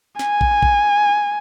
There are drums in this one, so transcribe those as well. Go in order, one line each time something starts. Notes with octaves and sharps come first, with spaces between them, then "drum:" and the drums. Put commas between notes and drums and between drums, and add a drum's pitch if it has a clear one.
G#5, drum: snare
drum: kick
drum: kick